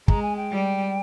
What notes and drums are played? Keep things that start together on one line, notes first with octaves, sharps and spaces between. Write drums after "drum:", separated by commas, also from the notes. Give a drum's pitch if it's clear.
G#3 A#5, drum: kick
G#5
G5
G3